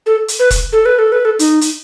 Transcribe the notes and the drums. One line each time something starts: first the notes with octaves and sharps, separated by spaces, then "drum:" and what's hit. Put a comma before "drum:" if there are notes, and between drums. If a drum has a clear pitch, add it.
A4
drum: hi-hat
B4
drum: kick E1, hi-hat
A4
B4
A4
B4
A4
D#4, drum: hi-hat
drum: hi-hat